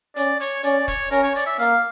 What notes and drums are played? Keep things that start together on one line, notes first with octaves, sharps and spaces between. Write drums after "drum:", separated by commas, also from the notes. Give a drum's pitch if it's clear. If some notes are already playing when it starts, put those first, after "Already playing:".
C#4 D5, drum: hi-hat
C#5, drum: hi-hat
C#4 D5, drum: hi-hat
C#5, drum: kick, hi-hat
C#4 A#4, drum: hi-hat
C#5
D5, drum: hi-hat
E5
A#3 F5, drum: hi-hat